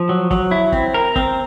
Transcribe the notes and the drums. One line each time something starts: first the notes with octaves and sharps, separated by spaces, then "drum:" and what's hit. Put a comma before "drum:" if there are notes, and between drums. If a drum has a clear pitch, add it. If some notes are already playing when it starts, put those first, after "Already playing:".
Already playing: F3
F#3
F#3, drum: kick F#1
E4
C4, drum: kick F#1
A#4
C4, drum: kick F#1